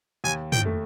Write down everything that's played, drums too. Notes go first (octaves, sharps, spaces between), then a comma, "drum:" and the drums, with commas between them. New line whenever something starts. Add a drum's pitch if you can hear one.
D#2 G#5
G5, drum: tom
A3